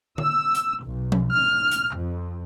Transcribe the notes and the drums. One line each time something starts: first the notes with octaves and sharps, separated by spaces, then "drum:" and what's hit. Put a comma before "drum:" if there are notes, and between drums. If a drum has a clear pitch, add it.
E6, drum: tom D3
drum: hi-hat
B1
drum: tom F3
F6
drum: hi-hat
F2